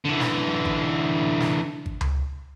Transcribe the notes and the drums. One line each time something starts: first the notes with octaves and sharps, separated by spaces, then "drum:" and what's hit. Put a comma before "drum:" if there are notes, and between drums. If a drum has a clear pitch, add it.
D3 E3
drum: snare
drum: kick G#1
drum: snare
drum: kick G#1
drum: tom C#2